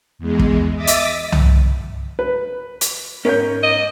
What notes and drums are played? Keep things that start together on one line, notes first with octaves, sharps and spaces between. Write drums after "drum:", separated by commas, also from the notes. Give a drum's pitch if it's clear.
E2 G#3
drum: kick
D#5 E5 D6 D#6 A6 B6
drum: hi-hat
drum: tom C2
B4
drum: hi-hat
G#2 C#4 A#4 C#5 G6
D#5